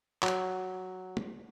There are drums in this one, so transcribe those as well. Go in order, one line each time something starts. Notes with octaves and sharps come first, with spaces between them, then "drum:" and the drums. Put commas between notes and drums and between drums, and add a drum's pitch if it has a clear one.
F#3, drum: clap
drum: tom